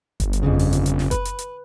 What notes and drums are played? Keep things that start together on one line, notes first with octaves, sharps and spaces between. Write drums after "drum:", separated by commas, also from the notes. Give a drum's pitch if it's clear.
G1, drum: kick F#1, hi-hat
drum: hi-hat
F2 A#2 C#3
drum: open hi-hat
drum: hi-hat
drum: hi-hat
drum: snare
B4, drum: kick F#1, hi-hat
drum: hi-hat
drum: hi-hat